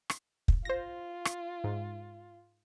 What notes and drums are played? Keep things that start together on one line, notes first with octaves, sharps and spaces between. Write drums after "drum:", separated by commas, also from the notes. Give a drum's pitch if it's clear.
drum: rim click
drum: kick
F4 C5 A#6
drum: rim click
G#2